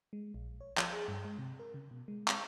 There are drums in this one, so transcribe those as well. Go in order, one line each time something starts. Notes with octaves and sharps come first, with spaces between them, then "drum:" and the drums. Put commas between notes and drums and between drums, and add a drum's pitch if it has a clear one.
G#3
A#1
C#5
F3, drum: clap
G#4
G2
G#3
C3
A#4
C#3
B2
G#3
drum: clap